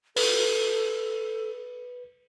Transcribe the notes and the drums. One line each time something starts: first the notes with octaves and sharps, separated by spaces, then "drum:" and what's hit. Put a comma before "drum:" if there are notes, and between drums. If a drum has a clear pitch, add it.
A4 B4, drum: open hi-hat